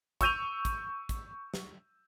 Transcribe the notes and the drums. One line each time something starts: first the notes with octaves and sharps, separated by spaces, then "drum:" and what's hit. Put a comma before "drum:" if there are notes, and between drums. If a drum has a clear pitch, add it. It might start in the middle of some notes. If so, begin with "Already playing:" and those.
C#6 E6 G6 D#7 F7, drum: kick, hi-hat
drum: kick, hi-hat
drum: kick, hi-hat
drum: snare